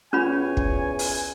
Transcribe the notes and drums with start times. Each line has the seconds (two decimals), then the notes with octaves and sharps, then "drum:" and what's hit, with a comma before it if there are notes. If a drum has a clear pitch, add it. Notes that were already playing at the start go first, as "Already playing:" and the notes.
0.13 E2 C#4 F4 C#5 G#5 B5
0.57 drum: kick
0.99 drum: open hi-hat